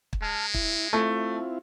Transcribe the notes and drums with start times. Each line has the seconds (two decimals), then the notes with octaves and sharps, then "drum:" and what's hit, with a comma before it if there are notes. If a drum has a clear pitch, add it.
0.13 drum: kick
0.22 G#3 A5 F6
0.54 E4, drum: kick
0.93 A3 C4 E4 F4